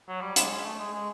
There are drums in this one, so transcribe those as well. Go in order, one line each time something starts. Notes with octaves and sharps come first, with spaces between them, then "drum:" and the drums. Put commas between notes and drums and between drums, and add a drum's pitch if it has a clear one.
F#3
G3
G#3, drum: hi-hat
G#3
A3
G#3
G#3